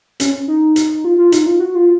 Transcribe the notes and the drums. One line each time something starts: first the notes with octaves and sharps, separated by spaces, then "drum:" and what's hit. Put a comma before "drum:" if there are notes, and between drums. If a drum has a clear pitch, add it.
C#4, drum: hi-hat
D#4
drum: hi-hat
F4
F4
D#4, drum: hi-hat
F4
F#4
F4